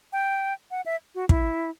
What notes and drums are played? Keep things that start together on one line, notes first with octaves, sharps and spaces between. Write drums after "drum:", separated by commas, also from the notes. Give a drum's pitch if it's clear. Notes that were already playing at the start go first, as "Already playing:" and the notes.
G5
F#5
E5
F#4
E4, drum: kick